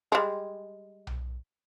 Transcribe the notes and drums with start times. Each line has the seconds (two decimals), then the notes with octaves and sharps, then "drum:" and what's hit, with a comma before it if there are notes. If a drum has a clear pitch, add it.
0.12 G3 G#3
1.07 drum: tom B1